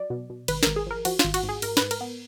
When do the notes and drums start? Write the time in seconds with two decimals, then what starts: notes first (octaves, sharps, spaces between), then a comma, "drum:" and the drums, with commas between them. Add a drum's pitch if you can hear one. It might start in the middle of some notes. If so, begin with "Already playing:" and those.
Already playing: F#3 D5
0.10 B2
0.30 B2
0.48 G#1 B4, drum: cymbal
0.63 G#1 A#4, drum: snare
0.76 G#4
0.86 F3 A#4
1.05 F3 F#4, drum: cymbal
1.19 F4, drum: snare
1.25 G#1
1.34 F#4, drum: cymbal
1.43 G#2
1.49 G#4
1.62 G#2 A#4, drum: cymbal
1.77 G#2 B4, drum: snare
1.91 A#4, drum: cymbal
2.01 B3